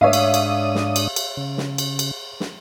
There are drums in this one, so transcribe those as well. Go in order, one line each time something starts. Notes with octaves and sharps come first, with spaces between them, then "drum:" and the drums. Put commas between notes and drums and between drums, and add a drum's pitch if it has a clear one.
G#2 D4 C#5 E5 F5 D#6
drum: cymbal
drum: cymbal
drum: snare
drum: cymbal
drum: cymbal
C#3
drum: snare
drum: cymbal
drum: cymbal
drum: snare